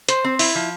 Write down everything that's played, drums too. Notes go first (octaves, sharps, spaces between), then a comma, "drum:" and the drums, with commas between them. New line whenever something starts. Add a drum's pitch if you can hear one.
C5, drum: hi-hat
C4
E4, drum: open hi-hat
F3